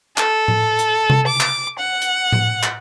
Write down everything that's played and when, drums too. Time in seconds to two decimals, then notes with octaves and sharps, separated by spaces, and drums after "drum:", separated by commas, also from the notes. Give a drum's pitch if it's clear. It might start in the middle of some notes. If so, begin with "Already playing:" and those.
0.18 A4, drum: clap
0.48 drum: tom A2
0.79 drum: hi-hat
1.10 drum: tom C3
1.27 D6
1.40 drum: clap
1.79 F#5
2.02 drum: hi-hat
2.32 drum: tom A2
2.63 drum: clap